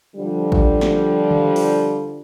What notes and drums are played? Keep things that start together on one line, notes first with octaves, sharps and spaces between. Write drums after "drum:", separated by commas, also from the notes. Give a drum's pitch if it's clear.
D3 F3 G3
drum: kick A1
drum: snare
drum: tom D3
drum: open hi-hat